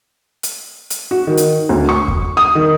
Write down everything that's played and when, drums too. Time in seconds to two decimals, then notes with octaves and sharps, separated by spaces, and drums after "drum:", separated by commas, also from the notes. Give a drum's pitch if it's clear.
0.43 drum: hi-hat
0.90 drum: hi-hat
1.11 F#4
1.27 D#3
1.38 drum: hi-hat
1.69 D2
1.89 C#6
2.08 drum: kick E2
2.37 D#6
2.55 D#3